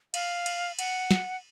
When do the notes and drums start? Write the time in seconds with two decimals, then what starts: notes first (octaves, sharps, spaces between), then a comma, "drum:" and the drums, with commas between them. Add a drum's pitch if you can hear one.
0.14 F5, drum: cymbal
0.46 drum: cymbal
0.79 F#5, drum: cymbal
1.11 drum: snare